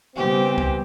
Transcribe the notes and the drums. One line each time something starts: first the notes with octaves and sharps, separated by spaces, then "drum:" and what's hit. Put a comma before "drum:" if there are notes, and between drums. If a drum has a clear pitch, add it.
C#3 E3 G3 B3 C4 G4
drum: kick